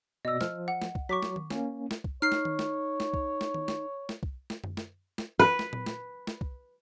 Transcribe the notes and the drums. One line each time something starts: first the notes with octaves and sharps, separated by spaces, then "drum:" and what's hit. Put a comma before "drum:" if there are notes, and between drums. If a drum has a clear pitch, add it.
B2 D5 D#5 E6 A#6
F3 F6, drum: snare
F#5
drum: snare
drum: kick C2
F#3 C#6 D6 B6
drum: snare
drum: tom D#3
A#3 C#4, drum: snare
drum: snare
drum: kick C2
D#4 C#5 F6 C7
drum: snare
drum: tom D#3
drum: snare
drum: snare
drum: kick C2
drum: snare
drum: tom D#3
drum: snare
drum: snare
drum: kick C2
drum: snare
drum: tom F#2
drum: snare
drum: snare
B4
drum: snare
drum: tom A#2
drum: snare
drum: snare
drum: kick C2